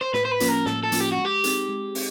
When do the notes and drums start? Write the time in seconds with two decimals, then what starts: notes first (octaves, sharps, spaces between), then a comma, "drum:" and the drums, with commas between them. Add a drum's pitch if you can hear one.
0.01 C5
0.14 A2 B4, drum: snare
0.25 C5
0.31 B4
0.40 F3 A#3 C#4 F4, drum: hi-hat
0.48 A#4
0.66 A2 A4, drum: snare
0.83 A4
0.92 F3 A#3 C#4 F4, drum: hi-hat
1.00 G4
1.12 F#4
1.18 G#3
1.25 G4
1.44 C4 D#4 G#4, drum: hi-hat
1.69 G#3
1.95 C4, drum: open hi-hat